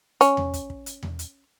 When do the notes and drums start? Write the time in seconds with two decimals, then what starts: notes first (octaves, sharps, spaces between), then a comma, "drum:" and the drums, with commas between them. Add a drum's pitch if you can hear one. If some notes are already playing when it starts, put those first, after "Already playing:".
0.21 C#4, drum: hi-hat
0.37 drum: tom E2
0.54 drum: kick, hi-hat
0.70 drum: kick
0.86 drum: hi-hat
1.03 drum: tom E2
1.19 drum: hi-hat